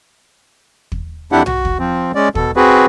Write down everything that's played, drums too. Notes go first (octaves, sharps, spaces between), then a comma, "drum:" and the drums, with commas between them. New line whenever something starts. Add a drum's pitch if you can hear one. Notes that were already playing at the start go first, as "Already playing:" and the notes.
drum: kick
F2 D4 E4 G4 F#5
F#4, drum: tom B1
drum: kick
F3 C4
G#3 C#4 D5
B2 A4, drum: kick
C4 F#4 G#4 B4